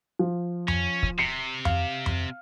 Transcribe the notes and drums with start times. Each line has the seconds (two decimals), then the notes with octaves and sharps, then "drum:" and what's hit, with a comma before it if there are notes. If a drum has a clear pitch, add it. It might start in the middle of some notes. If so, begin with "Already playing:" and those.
0.19 F3
0.68 C#4, drum: tom F2
1.03 drum: kick
1.19 C3 C7 C#7
1.65 F5, drum: tom F2
2.06 drum: tom F2